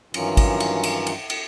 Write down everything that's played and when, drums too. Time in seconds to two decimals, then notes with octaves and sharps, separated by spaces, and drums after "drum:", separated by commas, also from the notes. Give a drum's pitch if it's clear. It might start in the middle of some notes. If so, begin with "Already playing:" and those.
0.14 G2 D#3 E3 F#3 C#4 F4, drum: cymbal
0.37 drum: kick, cymbal
0.60 drum: cymbal
0.83 drum: cymbal
1.07 drum: cymbal
1.30 drum: cymbal